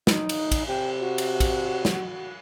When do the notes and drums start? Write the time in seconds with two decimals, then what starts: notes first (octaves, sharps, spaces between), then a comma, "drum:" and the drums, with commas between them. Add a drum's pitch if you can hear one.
0.07 D#4, drum: snare
0.29 drum: cymbal
0.52 drum: kick A#1, cymbal
0.68 C3 G5
1.00 F#4
1.18 drum: cymbal
1.40 drum: kick A#1, cymbal
1.85 drum: snare